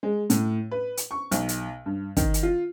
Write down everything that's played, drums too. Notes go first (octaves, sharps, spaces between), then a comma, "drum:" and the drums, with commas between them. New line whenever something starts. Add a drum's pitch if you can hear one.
G#3
A2, drum: hi-hat
B4
drum: hi-hat
C#6
B1, drum: hi-hat
drum: hi-hat
G2
D#3, drum: kick, hi-hat
drum: hi-hat
F4